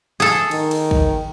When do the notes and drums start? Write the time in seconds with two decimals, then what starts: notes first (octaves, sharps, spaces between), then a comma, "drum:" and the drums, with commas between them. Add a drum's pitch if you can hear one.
0.20 G#4 A4
0.51 D#3, drum: cymbal
0.71 drum: cymbal
0.91 drum: kick